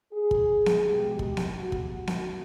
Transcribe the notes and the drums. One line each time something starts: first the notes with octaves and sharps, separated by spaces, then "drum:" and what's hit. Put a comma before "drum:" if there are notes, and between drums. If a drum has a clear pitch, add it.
G#4
drum: kick
drum: snare B3
B2 G#3 G4
drum: kick
drum: snare B3
F#4
drum: kick
drum: snare B3